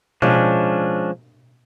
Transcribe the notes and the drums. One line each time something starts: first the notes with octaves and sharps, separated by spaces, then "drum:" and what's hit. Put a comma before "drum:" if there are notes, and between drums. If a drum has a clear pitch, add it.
F3 G#3 C#4 D4, drum: tom B2